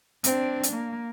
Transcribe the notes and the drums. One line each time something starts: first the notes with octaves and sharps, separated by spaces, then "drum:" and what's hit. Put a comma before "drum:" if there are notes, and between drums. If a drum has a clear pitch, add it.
C4 D4, drum: hi-hat
drum: hi-hat
A#3